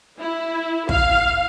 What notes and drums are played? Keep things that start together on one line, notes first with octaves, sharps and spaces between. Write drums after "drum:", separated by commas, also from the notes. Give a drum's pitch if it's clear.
E4
F5, drum: kick